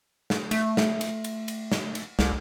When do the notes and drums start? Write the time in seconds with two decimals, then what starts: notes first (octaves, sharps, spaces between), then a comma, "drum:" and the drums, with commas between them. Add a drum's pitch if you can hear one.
0.30 drum: snare
0.51 A3, drum: cymbal
0.77 drum: snare
1.01 drum: cymbal
1.24 drum: cymbal
1.48 drum: cymbal
1.72 drum: snare
1.95 drum: cymbal
2.19 C2, drum: snare